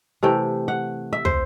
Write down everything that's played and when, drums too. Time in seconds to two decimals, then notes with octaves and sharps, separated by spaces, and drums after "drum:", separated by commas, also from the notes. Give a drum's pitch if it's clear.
0.23 C3 E3 A3 G5
0.68 F#5
1.13 E5
1.25 C5, drum: tom